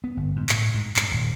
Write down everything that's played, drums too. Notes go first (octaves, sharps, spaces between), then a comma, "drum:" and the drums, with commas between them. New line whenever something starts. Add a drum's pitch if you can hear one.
B3
G1
G#2
A2, drum: clap
G#2
G#2, drum: clap
D#1